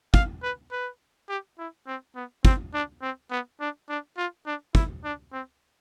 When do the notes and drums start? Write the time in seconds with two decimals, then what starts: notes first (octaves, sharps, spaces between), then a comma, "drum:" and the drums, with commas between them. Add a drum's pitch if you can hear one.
0.14 F5, drum: kick
0.43 B4
0.71 B4
1.29 G4
1.58 E4
1.87 C4
2.15 B3
2.45 C4, drum: kick
2.74 D4
3.02 C4
3.31 B3
3.60 D4
3.89 D4
4.17 F4
4.46 D4
4.75 E4, drum: kick
5.04 D4
5.32 C4